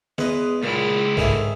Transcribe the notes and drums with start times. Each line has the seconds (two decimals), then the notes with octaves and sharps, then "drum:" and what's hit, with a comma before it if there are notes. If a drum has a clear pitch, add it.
0.18 E2 G#3 B4 D#5, drum: snare
0.63 C#2 A#2 G#3 E4
1.17 G#2 D3 D#3 G#4 E5, drum: kick